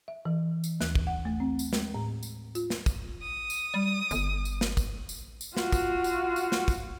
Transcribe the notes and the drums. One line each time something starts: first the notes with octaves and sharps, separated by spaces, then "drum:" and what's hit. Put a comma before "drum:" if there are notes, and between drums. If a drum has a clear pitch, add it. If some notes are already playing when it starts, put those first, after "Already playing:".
E5
E3
drum: tambourine
D#2, drum: snare
drum: kick
F#5
A3
C4
drum: tambourine
G#3, drum: snare
A2
drum: tambourine
F4, drum: tambourine
drum: snare
drum: kick, tambourine
D#6
drum: tambourine
G3
G1, drum: tambourine
drum: tambourine
drum: snare
drum: kick, tambourine
drum: tambourine
drum: tambourine
F4 F#4, drum: snare
drum: kick, tambourine
drum: tambourine
drum: tambourine
drum: snare
drum: kick, tambourine